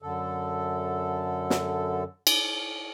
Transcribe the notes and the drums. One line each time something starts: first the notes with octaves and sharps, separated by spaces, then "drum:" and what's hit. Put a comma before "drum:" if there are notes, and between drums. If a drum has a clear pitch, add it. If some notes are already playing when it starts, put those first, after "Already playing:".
F#2 D3 A4
drum: snare
drum: cymbal